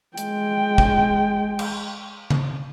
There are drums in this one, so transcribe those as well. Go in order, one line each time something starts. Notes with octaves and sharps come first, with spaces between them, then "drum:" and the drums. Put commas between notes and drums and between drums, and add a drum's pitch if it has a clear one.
G#3 G5, drum: hi-hat
drum: kick
drum: cymbal
drum: tom C#3